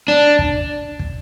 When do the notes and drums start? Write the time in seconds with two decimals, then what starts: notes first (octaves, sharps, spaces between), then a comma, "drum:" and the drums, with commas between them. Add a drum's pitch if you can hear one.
0.08 D4
0.39 drum: kick
0.99 drum: kick